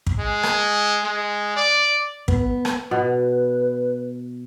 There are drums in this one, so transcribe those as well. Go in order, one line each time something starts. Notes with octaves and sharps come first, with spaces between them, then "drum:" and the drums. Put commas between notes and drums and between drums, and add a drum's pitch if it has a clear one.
drum: kick
G#3
drum: rim click
G#3
D5
B3, drum: kick
drum: rim click
B2 B4